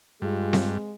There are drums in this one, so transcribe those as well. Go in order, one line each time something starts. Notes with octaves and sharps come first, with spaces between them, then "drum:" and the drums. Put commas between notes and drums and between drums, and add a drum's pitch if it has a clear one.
G2 G#3 F4 G4 G#4
drum: snare C4